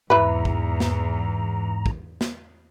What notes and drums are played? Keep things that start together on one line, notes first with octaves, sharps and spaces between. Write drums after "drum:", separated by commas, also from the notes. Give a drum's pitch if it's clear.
E2 G#2 E3 B4 A#5
drum: kick
drum: snare
drum: kick
drum: snare